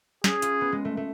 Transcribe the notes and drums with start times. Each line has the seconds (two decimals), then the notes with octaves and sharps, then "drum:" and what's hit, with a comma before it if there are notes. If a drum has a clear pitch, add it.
0.24 C#4 G#4, drum: snare
0.42 F4, drum: hi-hat
0.61 B3
0.72 G#3
0.85 A3
0.97 A3